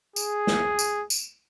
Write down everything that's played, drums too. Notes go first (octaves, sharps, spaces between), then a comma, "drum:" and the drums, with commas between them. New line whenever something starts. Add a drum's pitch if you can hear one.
G#4, drum: tambourine
drum: snare
drum: tambourine
drum: tambourine